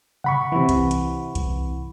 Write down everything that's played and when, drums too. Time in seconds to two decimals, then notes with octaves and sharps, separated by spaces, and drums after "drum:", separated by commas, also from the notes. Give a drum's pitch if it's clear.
0.24 F#5 B5 C#6, drum: tom C3
0.52 C3 E3
0.69 drum: kick C2, hi-hat
0.91 drum: hi-hat
1.35 drum: kick C2, hi-hat